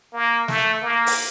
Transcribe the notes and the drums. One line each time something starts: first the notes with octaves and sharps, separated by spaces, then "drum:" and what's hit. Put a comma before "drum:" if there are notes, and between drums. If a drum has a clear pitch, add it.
A#3
A3, drum: snare
A#3
drum: open hi-hat